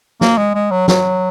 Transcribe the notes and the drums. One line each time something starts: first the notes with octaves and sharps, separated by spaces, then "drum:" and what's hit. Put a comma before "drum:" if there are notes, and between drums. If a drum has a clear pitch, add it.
A#3, drum: snare
G#3
G#3
F#3
F#3, drum: snare